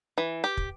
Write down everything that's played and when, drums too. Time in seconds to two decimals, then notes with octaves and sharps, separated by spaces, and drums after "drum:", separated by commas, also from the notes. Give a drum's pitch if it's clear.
0.18 E3
0.44 G4
0.57 drum: kick